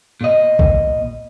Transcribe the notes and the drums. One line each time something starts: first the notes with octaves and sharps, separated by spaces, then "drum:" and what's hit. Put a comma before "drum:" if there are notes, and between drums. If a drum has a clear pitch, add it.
A#2 D#5
drum: kick